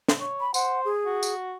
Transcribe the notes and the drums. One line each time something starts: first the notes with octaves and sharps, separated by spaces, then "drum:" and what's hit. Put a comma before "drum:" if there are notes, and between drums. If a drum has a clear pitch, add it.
drum: snare
C#5
B5
C5 F#5, drum: tambourine
G#4
F#4
drum: tambourine